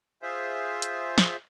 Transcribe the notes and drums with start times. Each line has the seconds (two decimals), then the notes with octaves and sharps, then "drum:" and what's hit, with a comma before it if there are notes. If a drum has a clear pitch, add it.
0.22 F4 G#4 C5 E5
0.82 drum: hi-hat
1.18 drum: snare